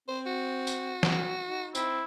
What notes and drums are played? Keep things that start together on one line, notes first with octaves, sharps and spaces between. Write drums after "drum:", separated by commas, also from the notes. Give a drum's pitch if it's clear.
C4 C5
F#4
drum: tambourine
drum: snare
D#4
C4 E4, drum: tambourine